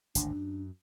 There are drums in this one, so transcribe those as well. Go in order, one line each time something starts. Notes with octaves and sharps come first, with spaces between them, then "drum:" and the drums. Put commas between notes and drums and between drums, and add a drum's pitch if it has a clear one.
G#1 D2 A2 D4, drum: hi-hat
F#2